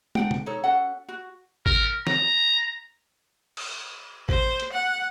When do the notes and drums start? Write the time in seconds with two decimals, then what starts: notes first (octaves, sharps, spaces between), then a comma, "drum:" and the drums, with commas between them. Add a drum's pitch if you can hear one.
0.15 D4 F#5 G5, drum: tom
0.31 drum: tom
0.46 D#4 A4 C#5
0.64 C#4 F#4 A4 F#5
1.09 F#4
1.66 A#4, drum: kick
2.07 A#5, drum: snare
3.57 drum: cymbal
4.29 C5, drum: kick
4.60 drum: hi-hat
4.72 F#5